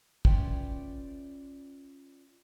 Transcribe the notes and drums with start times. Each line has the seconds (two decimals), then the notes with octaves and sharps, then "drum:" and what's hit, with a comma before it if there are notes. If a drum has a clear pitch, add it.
0.25 C#4 F4 B4 D5 E5 G5, drum: kick